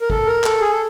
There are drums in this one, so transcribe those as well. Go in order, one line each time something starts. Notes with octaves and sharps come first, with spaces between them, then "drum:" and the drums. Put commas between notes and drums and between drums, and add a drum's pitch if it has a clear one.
A#4
A4, drum: kick
A#4
A4, drum: clap
G#4
A4